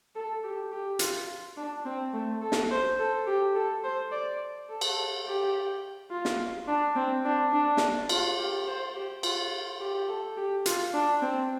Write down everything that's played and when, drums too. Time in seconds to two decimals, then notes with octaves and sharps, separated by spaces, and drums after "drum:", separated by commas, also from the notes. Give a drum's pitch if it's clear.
0.15 A4
0.43 G4
0.72 G4
0.99 F4, drum: hi-hat
1.57 D4
1.85 C4
2.13 A3
2.42 A4
2.52 drum: snare
2.71 C5
2.99 A4
3.27 G4
3.55 A4
3.84 C5
4.12 D5
4.69 A4
4.81 drum: cymbal
5.26 G4
6.10 F4
6.25 drum: snare
6.68 D4
6.96 C4
7.25 D4
7.52 D4
7.77 drum: snare
8.09 F4, drum: cymbal
8.38 G4
8.67 C5
8.95 G4
9.23 F4, drum: cymbal
9.80 G4
10.08 A4
10.37 G4
10.66 F4, drum: hi-hat
10.93 D4
11.22 C4